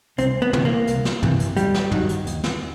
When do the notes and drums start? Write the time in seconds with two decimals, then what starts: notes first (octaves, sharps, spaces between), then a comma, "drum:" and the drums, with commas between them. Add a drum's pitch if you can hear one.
0.18 C2 C4, drum: hi-hat
0.42 B3
0.53 C3 E3, drum: tom
0.65 A#3
0.87 C2, drum: hi-hat
1.05 drum: snare
1.23 C3 E3, drum: tom
1.40 drum: hi-hat
1.57 D#2 G3, drum: hi-hat
1.74 drum: snare
1.91 D#3 F#3, drum: tom
2.09 drum: hi-hat
2.27 D#2, drum: hi-hat
2.44 drum: snare